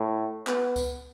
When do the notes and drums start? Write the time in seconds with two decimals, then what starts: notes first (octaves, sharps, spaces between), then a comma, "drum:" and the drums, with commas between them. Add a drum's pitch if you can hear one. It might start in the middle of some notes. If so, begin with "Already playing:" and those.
Already playing: A2
0.47 B3, drum: clap
0.76 drum: kick C#2, tambourine